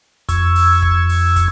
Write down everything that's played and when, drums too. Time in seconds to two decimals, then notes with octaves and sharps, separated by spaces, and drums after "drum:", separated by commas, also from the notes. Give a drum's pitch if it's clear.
0.29 F2 C#6 E6 G#6, drum: kick, hi-hat
0.55 drum: open hi-hat
0.82 drum: kick
1.09 drum: open hi-hat
1.36 drum: kick, hi-hat